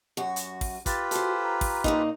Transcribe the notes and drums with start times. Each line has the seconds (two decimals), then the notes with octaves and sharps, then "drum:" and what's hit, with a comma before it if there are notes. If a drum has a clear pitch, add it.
0.17 F#2 F#4 F#5
0.36 drum: hi-hat
0.61 drum: kick, open hi-hat
0.86 F4 G4 B4 A6, drum: kick, hi-hat
1.11 F#4 A4 C5, drum: hi-hat
1.43 A#5
1.61 drum: kick, open hi-hat
1.84 A#2 A#3 D#4, drum: kick